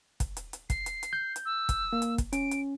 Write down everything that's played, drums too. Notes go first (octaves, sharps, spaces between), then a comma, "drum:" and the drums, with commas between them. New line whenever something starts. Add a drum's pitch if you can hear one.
drum: kick, hi-hat
drum: hi-hat
drum: hi-hat
C7, drum: kick, hi-hat
drum: hi-hat
drum: hi-hat
G6
drum: hi-hat
E6
drum: kick, hi-hat
A#3
drum: hi-hat
drum: kick, hi-hat
C#4 D7, drum: hi-hat
drum: hi-hat